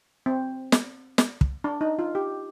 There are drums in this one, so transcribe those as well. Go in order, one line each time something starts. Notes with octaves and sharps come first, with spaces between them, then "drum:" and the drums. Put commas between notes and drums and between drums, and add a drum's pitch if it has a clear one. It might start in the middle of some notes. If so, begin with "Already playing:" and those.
C4
drum: snare
drum: snare
drum: kick
D4
D#4
F4
G4